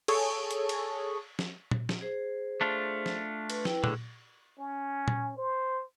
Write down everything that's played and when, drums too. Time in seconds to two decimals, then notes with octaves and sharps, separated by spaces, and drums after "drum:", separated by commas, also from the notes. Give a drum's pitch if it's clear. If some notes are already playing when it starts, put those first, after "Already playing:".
0.08 G#4 A4 C#5, drum: cymbal
0.51 drum: hi-hat
0.69 drum: cymbal
1.39 drum: snare
1.71 drum: tom A#2
1.89 drum: snare
2.01 G#4 C5
2.61 A3 D4 F4
3.06 drum: snare
3.50 B4, drum: cymbal
3.65 E4 B4 G5, drum: snare
3.84 A2 D3 G#4, drum: tom A#2
4.58 C#4
5.08 drum: tom A#2
5.37 C5